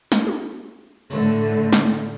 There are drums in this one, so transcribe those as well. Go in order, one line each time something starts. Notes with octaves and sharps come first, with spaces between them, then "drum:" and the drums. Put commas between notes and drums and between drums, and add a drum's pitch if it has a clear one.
drum: snare
drum: tom
A2 D3 A3, drum: cymbal
drum: snare